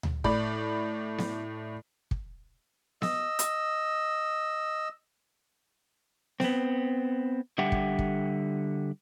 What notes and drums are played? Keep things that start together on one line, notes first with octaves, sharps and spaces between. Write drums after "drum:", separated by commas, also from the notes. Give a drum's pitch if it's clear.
drum: tom D2
A2 D5 B5, drum: kick
drum: snare B3
drum: kick
D#5 E6, drum: snare B3
drum: hi-hat
B3 C4, drum: snare B3
D3 G3 G4 E5 F#5 G5
drum: kick
drum: kick